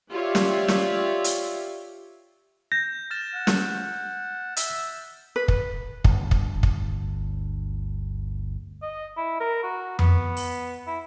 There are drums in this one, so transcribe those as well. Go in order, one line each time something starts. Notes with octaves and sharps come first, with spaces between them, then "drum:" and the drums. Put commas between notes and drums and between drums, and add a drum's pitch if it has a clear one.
F4 G4 C#5 D5 E5
drum: snare
drum: snare
drum: hi-hat
G6 A#6
F6 A6 E7
F#5
drum: snare
E5, drum: hi-hat
B4
drum: kick
G1 D2, drum: kick
drum: kick
drum: kick
D#5
E4
A#4
F#4
B3, drum: tom F2
drum: open hi-hat
E4